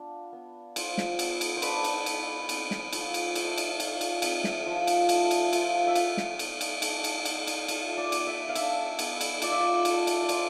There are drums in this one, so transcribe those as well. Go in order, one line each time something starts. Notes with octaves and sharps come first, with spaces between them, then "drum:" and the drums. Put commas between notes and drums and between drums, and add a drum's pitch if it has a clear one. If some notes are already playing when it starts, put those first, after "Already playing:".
Already playing: B3 D4 F4
B3
F4 C5, drum: cymbal
drum: snare
B3, drum: cymbal
drum: cymbal
C5
D4 B4, drum: cymbal
drum: cymbal
B3, drum: cymbal
C4, drum: cymbal
drum: snare
F3, drum: cymbal
drum: cymbal
A3 C5, drum: cymbal
drum: cymbal
F4, drum: cymbal
drum: cymbal
C4 E5, drum: cymbal
drum: snare
F3
drum: cymbal
A3, drum: cymbal
drum: cymbal
F4, drum: cymbal
E5
F4 F5, drum: cymbal
drum: snare
B3, drum: cymbal
drum: cymbal
D4, drum: cymbal
drum: cymbal
B3, drum: cymbal
drum: cymbal
F4 E5, drum: cymbal
D5
B3, drum: cymbal
E5
F5
D4 E5, drum: cymbal
B3, drum: cymbal
drum: cymbal
F4 D5, drum: cymbal
E5
D5
A3, drum: cymbal
drum: cymbal
D5
D4 C5, drum: cymbal